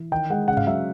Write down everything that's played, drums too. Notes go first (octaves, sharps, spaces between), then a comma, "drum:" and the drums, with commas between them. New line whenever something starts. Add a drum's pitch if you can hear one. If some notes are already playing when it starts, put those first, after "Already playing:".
Already playing: E3
D#3 G5
G#3 F#5
C#3 F#5
F5, drum: tom G2
F#3 E5